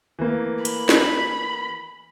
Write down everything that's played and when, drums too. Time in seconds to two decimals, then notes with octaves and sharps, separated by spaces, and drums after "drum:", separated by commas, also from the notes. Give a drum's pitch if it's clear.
0.19 E3 A3 A#3
0.65 B5, drum: hi-hat
0.89 drum: snare